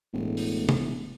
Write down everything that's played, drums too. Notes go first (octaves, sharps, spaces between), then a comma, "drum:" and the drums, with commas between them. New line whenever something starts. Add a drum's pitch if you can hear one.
E1 A2
drum: open hi-hat
drum: tom